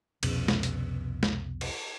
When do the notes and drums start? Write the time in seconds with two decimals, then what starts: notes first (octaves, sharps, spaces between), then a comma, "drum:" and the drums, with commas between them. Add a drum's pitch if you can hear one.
0.23 C2 F2 B2 C#4, drum: cymbal
0.48 drum: snare G#3
0.63 drum: hi-hat
1.23 drum: snare G#3
1.61 drum: cymbal